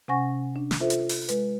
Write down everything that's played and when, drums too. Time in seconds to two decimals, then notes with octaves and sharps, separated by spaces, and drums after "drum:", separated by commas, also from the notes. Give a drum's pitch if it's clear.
0.08 C3 C#4 F#5 G#5 C#6 A#6
0.56 D4
0.71 drum: snare
0.80 F4 A4 C5 E5
0.90 drum: hi-hat
1.09 drum: open hi-hat
1.29 G#3 B4, drum: hi-hat